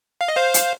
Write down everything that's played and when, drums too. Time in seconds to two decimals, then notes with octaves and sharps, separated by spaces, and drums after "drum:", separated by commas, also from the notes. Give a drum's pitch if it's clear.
0.21 F5
0.28 D#5
0.36 C5 F5
0.54 drum: hi-hat